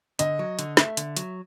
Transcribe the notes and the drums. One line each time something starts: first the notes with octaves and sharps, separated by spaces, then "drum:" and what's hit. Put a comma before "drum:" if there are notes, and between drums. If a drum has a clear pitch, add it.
D3 D#5, drum: hi-hat
F#3
D3, drum: hi-hat
A3 E5, drum: snare
D3, drum: hi-hat
F#3, drum: hi-hat